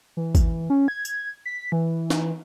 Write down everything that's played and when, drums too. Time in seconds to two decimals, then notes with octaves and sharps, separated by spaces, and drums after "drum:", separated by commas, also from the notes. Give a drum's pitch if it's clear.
0.17 E3
0.35 drum: kick G#1, tambourine
0.70 C#4
0.88 G#6
1.05 drum: tambourine
1.46 B6
1.72 E3
2.10 drum: snare